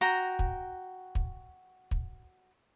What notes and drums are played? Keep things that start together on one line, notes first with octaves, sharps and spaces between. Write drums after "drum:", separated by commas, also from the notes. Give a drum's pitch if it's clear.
F#4 G5 A#5
drum: kick
drum: kick
drum: kick